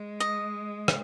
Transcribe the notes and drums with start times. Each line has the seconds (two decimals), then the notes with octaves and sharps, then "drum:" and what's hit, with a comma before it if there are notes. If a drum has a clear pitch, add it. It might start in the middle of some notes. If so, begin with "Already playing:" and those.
Already playing: G#3
0.20 D#5
0.88 drum: rim click